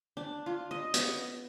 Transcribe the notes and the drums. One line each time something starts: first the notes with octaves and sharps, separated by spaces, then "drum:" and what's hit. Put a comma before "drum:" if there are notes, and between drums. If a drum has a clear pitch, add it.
D4
F4
D#5
B3, drum: hi-hat